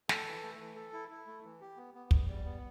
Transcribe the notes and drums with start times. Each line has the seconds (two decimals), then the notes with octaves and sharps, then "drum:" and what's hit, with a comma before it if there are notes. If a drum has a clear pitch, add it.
0.09 A4, drum: snare
0.26 E3
0.43 A3
0.59 E3
0.76 A4
0.93 E4
1.11 E4
1.27 A3
1.44 E3
1.61 G4
1.77 B3
1.94 B3
2.11 E2, drum: kick
2.28 G3
2.45 B3